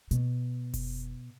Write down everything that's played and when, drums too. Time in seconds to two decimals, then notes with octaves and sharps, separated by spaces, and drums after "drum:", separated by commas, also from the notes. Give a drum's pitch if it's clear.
0.11 B2, drum: hi-hat
0.74 drum: kick F1, open hi-hat